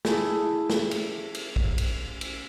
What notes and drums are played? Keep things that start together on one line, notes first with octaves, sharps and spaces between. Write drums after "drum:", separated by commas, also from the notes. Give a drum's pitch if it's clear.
A3 E4 G#4, drum: snare
drum: snare
drum: cymbal
drum: cymbal
drum: kick
drum: cymbal
drum: cymbal